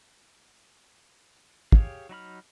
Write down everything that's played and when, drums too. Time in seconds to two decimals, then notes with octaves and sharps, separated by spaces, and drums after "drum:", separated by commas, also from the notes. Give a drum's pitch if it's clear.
1.72 G4 G#4 C#5 F5, drum: kick
2.09 F#3 D#4 B5 F6